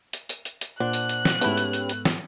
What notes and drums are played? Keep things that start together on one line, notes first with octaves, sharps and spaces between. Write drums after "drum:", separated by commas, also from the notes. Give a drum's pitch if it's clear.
drum: hi-hat
drum: hi-hat
drum: hi-hat
drum: hi-hat
A#2 D4 C5 F#5 F#6
drum: hi-hat
drum: hi-hat
drum: snare
G#2 A3 B3 C#4 E4 G4 B4, drum: hi-hat
drum: hi-hat
drum: hi-hat
drum: hi-hat
drum: snare